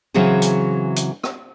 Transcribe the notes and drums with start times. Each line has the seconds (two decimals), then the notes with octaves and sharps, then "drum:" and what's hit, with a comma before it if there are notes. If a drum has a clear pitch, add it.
0.14 C#3 E3 F#3 C4 F#4 G#4
0.42 drum: hi-hat
0.96 drum: hi-hat
1.24 drum: rim click